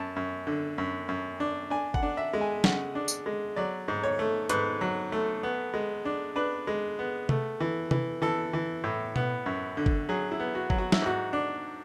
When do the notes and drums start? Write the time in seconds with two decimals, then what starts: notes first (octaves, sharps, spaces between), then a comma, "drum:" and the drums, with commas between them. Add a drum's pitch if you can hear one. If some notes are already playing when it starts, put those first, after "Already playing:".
Already playing: F#2 A5
0.16 F#2
0.47 D3
0.78 F#2
1.09 F#2
1.40 D4
1.70 D4 G#5
1.94 F#5, drum: kick G1
2.03 D4
2.17 E5
2.33 G#3
2.41 G#5
2.64 C#3 F#5, drum: snare
2.95 D4
3.08 drum: tambourine
3.26 G#3
3.56 F#3 D5
3.88 G#2
4.03 C#5
4.19 A3
4.49 G#2 B4, drum: hi-hat
4.81 F#3
5.12 A3
5.43 B3
5.74 G#3
6.05 D4
6.36 D4 B4
6.67 G#3
6.99 B3
7.29 A3, drum: tom C3
7.60 E3
7.91 E3, drum: tom C3
8.22 E3 A4
8.53 E3
8.84 A2
9.16 B3, drum: tom B2
9.46 F#2
9.77 D3
9.86 drum: kick G1
10.09 F#3 G#4
10.31 E4
10.40 B3
10.55 F#4
10.70 F#3, drum: kick G1
10.78 F#4
10.92 E4, drum: snare
11.02 G#2 F#4
11.33 D4